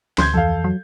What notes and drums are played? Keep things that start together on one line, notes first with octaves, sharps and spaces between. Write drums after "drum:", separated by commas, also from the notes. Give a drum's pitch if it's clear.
D2 C6 G6 G#6, drum: snare
F2 E3 F3 A4 F5
F#3